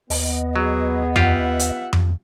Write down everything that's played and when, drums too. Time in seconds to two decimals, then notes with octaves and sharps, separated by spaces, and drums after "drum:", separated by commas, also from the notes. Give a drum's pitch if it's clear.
0.10 D#2 B3 D#5, drum: open hi-hat
0.56 F#3 G#4
1.16 F4 G4 E5 F#5, drum: tom F2
1.59 drum: hi-hat
1.93 drum: tom F2